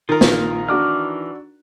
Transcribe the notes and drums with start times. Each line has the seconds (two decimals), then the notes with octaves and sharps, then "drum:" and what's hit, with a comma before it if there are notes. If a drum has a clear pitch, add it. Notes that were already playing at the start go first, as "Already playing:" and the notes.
0.09 D#3 F4 A#4
0.21 A#1, drum: snare
0.69 E3 D4 F#4 D6 F6